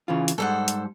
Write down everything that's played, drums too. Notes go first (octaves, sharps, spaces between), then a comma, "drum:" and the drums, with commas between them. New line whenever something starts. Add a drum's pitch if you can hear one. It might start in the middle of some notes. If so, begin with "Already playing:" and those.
C#3 E3 F4
drum: hi-hat
G#2 G3 A4 C5 F#5
drum: hi-hat